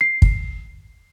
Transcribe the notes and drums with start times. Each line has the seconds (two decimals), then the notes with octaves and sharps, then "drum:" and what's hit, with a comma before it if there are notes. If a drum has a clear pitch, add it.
0.01 C7
0.22 drum: kick